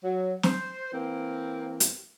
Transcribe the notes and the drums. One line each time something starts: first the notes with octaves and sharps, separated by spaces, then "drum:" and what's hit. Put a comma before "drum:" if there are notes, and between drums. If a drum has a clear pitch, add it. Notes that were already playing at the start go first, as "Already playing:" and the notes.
F#3
C5, drum: snare
E3 A#3 C4
drum: hi-hat